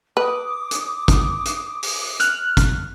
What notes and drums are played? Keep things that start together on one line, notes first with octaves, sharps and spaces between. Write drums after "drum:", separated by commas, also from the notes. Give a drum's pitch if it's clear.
B4 D6 D#6
drum: hi-hat
drum: kick, hi-hat
drum: hi-hat
drum: open hi-hat
F6 F#6, drum: hi-hat
drum: kick, hi-hat